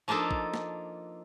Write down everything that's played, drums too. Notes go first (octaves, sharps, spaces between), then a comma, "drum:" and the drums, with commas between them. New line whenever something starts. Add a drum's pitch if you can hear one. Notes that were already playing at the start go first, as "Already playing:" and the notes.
F3 A#3 D4 D#4 A4
drum: kick
drum: snare